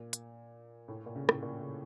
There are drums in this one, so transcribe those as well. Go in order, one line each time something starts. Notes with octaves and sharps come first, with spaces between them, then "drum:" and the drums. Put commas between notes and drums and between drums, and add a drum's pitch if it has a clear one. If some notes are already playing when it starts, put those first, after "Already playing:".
Already playing: A#2
drum: hi-hat
A2
A#2
C#3
A2, drum: rim click
A#2
C#3